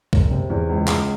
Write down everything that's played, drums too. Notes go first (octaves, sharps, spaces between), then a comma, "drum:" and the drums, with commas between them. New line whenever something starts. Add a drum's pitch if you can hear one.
F#1, drum: kick B1
C3
E2
C#2
C#2, drum: clap